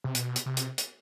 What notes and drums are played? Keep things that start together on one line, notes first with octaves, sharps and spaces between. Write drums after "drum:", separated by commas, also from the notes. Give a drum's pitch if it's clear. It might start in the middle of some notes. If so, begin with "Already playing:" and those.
C3
B2, drum: hi-hat
drum: hi-hat
C3
drum: hi-hat
drum: hi-hat